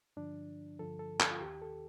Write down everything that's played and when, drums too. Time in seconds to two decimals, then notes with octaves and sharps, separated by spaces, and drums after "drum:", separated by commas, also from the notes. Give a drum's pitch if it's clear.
0.17 G2 D3 F3 D4
0.79 G2 D3 F3 A4
0.99 A4
1.20 A4, drum: clap
1.31 F4
1.41 D#2 D#3 G4
1.62 A4